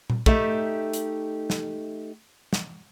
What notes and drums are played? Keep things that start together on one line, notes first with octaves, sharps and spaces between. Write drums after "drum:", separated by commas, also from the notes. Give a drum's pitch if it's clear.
drum: tom A#2
A3 D#4 G4 E5, drum: kick
drum: hi-hat
drum: snare
drum: snare